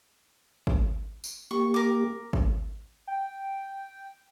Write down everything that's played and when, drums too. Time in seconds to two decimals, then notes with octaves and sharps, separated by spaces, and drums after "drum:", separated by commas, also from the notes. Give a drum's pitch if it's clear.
0.67 drum: kick
1.24 drum: tambourine
1.51 A#3 G4 C#6
1.74 A#4 D6
2.33 drum: kick
3.07 G5